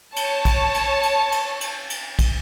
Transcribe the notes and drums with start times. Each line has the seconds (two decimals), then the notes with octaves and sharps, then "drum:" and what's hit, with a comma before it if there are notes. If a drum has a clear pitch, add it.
0.16 C#5 A5, drum: cymbal
0.45 drum: kick, cymbal
0.74 drum: cymbal
1.03 drum: cymbal
1.32 drum: cymbal
1.61 drum: cymbal
1.90 drum: cymbal
2.19 drum: kick, cymbal